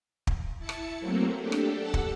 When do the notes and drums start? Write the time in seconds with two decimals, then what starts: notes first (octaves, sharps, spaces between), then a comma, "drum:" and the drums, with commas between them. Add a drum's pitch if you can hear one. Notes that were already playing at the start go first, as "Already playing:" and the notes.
0.27 drum: kick
0.59 E4 A5 C#7
0.69 drum: rim click
1.00 F#3 A3 A#3 C4
1.38 D4 G4 A4
1.52 drum: rim click
1.75 A4 F#5 A5 E6
1.94 drum: kick